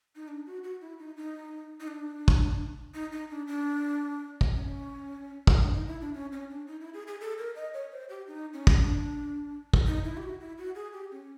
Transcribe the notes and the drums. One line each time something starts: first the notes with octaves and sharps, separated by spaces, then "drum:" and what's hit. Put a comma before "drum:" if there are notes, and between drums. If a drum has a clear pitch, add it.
D#4
D4
F#4
F#4
E4
D#4
D#4
D#4
D4
drum: kick
D#4
D#4
D4
D4
drum: kick
C#4
drum: kick
D4
D#4
E4
D4
C#4
C#4
D4
D#4
E4
G#4
G#4
A4
A#4
D#5
C#5
C5
G4
D#4
C#4
drum: kick
D4
drum: kick
D#4
E4
G4
F#4
E4
F#4
G#4
G4
C#4